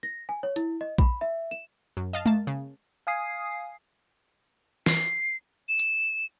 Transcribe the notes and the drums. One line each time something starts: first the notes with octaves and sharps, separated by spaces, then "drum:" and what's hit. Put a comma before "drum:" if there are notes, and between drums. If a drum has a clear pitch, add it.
A#6
G#5
C#5
E4, drum: hi-hat
D#5
B5, drum: kick A#1
E5
E7
F#2
D#5 F5 A5
A#3 A5, drum: tom G#3
C#3
F5 G#5 D#6 C7
C7, drum: snare
E7
drum: hi-hat